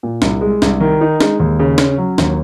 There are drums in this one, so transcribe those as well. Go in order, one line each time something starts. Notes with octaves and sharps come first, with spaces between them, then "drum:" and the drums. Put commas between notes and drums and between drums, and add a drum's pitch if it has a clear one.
A#2
C2, drum: snare D4
G#3
C2, drum: snare D4
D#3
D#4
G#3, drum: snare D4
D#2
C#3
C#4, drum: snare D4
F#3
D#2, drum: snare D4